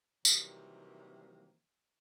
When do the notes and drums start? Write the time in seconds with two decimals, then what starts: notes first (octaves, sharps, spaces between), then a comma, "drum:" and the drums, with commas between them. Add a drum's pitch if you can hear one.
0.25 C3 D#3 E3 F#3 G3 A#3, drum: tambourine